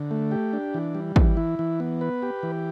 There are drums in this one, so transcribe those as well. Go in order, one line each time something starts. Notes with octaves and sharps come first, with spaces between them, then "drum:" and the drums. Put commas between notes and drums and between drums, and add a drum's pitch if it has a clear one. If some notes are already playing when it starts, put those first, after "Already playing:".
Already playing: D3
A3
G4
D4
E3
G3
E3, drum: kick
E4
E3
B3
B4
G4
E3